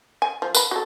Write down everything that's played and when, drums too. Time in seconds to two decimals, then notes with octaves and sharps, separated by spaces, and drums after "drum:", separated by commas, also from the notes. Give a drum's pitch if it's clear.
0.22 G#5
0.42 F3
0.55 B4 B5, drum: tambourine
0.71 F#4 A4